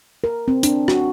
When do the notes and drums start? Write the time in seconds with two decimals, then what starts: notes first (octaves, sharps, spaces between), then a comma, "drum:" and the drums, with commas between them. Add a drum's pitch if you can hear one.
0.24 A#4
0.48 C4
0.63 D4, drum: hi-hat
0.88 F#4, drum: rim click